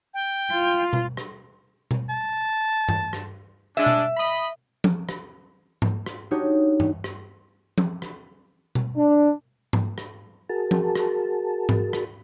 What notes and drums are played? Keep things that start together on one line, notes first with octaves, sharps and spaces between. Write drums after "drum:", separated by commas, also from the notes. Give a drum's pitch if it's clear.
G5
F4
drum: tom B2
drum: rim click
drum: tom B2
A5
drum: tom G2
drum: rim click
G#3 D4 E5
drum: tom B2
D#5 B5
drum: tom F3
drum: rim click
drum: tom G#2
drum: rim click
D4 D#4 F#4 G4 C#5
drum: tom G2
drum: rim click
drum: tom F3
drum: rim click
drum: tom B2
D4
drum: tom G#2
drum: rim click
F#4 G#4 A#4 A5
drum: tom F3
drum: rim click
drum: tom G#2
drum: rim click